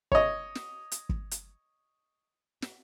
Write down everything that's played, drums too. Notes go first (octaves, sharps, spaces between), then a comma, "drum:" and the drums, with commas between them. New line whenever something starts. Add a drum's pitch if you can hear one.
C#5 D#5, drum: kick
drum: snare
drum: hi-hat
drum: kick
drum: hi-hat
drum: snare